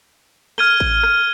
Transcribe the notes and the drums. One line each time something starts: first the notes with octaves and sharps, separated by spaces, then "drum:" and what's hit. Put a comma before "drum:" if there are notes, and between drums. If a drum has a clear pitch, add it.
F6 G#6 D#7 G7, drum: rim click
drum: kick A1
drum: rim click